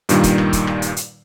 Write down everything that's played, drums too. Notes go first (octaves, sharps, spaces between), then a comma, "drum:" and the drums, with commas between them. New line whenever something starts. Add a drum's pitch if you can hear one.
G2 A#2 D#3 G3, drum: hi-hat
drum: kick, hi-hat
drum: rim click
drum: kick, hi-hat
drum: rim click
drum: hi-hat
drum: hi-hat